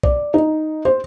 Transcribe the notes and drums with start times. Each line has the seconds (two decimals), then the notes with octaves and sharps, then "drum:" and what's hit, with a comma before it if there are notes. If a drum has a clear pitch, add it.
0.03 D5, drum: kick
0.34 D#4
0.85 C5